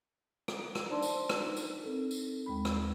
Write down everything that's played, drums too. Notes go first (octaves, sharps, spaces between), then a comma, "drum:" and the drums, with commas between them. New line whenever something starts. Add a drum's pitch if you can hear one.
drum: rim click
drum: rim click
D4 D#4 C5 D5 A5 C6
drum: tambourine
drum: rim click
D#4 A#4
drum: tambourine
C4 A4 A#4
drum: tambourine
D#2 G#3 B5
drum: rim click